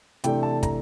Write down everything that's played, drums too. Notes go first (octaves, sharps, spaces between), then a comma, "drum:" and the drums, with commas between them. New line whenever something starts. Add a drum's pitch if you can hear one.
C3 E3 A3 D4 G5, drum: hi-hat
A5
A#5, drum: kick, hi-hat